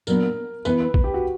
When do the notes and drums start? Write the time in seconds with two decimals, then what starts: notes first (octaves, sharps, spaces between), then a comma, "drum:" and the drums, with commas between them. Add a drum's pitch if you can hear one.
0.07 A#2 F#3 B3 D4 A#4, drum: tambourine
0.65 E3 B3 E4 B4, drum: tambourine
0.80 B4
0.94 drum: kick
1.04 G4
1.14 F#4